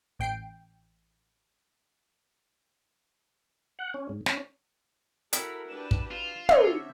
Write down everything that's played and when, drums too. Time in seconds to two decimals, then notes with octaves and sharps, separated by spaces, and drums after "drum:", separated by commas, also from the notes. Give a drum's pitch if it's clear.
0.19 A1 G5 C7 D7
3.79 F#5
3.94 C#4
4.09 G#2
4.26 C#4, drum: snare
5.33 E4 F#4 A4 A#4 B5, drum: hi-hat
5.69 D4 G4 B4 E7
5.91 drum: kick
6.11 F4 E7
6.49 D3 C4 C#4 E5 C#7, drum: tom